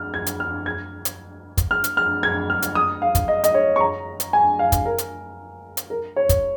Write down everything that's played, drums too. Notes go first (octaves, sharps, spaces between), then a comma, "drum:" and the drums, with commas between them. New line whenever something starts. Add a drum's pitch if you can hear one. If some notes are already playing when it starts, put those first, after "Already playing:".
Already playing: F6
G#6
drum: hi-hat
F6
G#6
drum: hi-hat
drum: kick, hi-hat
F6
drum: hi-hat
F6
G#6
F6
drum: hi-hat
D#6
F5
drum: kick, hi-hat
D#5
D#5, drum: hi-hat
C#5
C#6
A#5
drum: hi-hat
G#5
F5
drum: kick, hi-hat
A#4
drum: hi-hat
drum: hi-hat
A#4
C#5
drum: kick, hi-hat